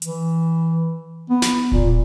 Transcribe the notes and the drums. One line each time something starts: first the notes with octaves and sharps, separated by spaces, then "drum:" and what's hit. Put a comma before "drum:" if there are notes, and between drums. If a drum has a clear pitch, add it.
E3, drum: hi-hat
B3
drum: snare
A#2, drum: kick D#1